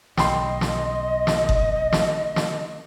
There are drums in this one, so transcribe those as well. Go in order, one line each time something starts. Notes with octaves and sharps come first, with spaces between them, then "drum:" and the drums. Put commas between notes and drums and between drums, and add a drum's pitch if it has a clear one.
B1 D#5 G5 C6, drum: snare
drum: snare
drum: snare
drum: kick F#1
drum: snare
drum: snare